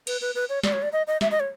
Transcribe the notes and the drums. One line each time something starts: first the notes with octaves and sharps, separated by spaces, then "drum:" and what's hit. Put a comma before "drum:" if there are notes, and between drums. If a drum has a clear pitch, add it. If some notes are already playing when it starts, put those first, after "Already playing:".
B4, drum: cymbal
B4
B4
C#5
D5, drum: snare
C#5
D5
D#5
D#5
E5, drum: snare
D#5
C#5